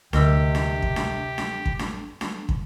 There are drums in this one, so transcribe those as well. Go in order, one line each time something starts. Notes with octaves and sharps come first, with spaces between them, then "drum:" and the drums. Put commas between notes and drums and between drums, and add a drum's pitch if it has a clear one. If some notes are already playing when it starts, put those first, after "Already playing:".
D2 C3 G4 A#4 D#5 E6, drum: snare D4
drum: snare D4
drum: kick
drum: snare D4
drum: snare D4
drum: kick
drum: snare D4
drum: snare D4
drum: kick